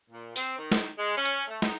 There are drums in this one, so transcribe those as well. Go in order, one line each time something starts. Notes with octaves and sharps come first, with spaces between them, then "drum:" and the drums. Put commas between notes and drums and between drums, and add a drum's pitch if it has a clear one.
A#2
C4, drum: open hi-hat
D#3
drum: snare
G#3
C#4
drum: hi-hat
A3
D#4, drum: snare